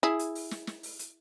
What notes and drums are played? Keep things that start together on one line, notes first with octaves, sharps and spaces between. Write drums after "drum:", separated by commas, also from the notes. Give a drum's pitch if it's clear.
E4 G#4
drum: hi-hat
drum: open hi-hat
drum: snare
drum: snare
drum: open hi-hat
drum: hi-hat